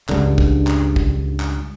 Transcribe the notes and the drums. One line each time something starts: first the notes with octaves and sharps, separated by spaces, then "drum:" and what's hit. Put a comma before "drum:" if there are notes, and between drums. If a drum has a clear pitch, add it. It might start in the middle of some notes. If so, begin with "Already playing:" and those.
C#2 G2 D3, drum: clap
drum: kick
drum: clap
drum: kick
drum: clap